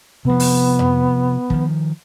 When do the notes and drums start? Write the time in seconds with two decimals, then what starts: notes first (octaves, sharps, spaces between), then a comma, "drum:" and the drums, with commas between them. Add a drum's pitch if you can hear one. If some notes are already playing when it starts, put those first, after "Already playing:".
0.25 C3 F3 B3
0.40 drum: open hi-hat
0.79 drum: tom F2
1.50 D#3 F3, drum: kick